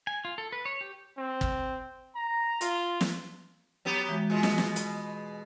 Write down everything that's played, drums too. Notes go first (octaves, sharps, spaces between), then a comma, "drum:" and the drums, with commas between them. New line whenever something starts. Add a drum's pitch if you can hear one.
G#5
F4
A4
B4
C#5
G4
C4
drum: kick
A#5
F4, drum: hi-hat
drum: snare
F#3 B3 G4
E3 G#3 F#4
B2 G#3 F4 F#4
drum: snare
drum: snare
drum: hi-hat